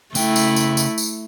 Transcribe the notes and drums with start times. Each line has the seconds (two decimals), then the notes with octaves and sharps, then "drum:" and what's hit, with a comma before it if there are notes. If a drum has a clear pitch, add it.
0.15 C#3 A3 E4 G5, drum: tambourine
0.36 drum: tambourine
0.56 drum: tambourine
0.77 drum: tambourine
0.98 drum: tambourine